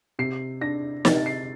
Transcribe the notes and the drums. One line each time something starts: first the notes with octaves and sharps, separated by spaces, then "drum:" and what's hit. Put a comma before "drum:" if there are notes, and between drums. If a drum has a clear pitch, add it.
C3 C7
D4 A#6
C3 A6, drum: snare
C7